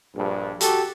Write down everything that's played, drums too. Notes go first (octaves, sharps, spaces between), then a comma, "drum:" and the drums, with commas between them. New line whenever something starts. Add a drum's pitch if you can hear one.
A#1 G2
F#4 G4 A4, drum: hi-hat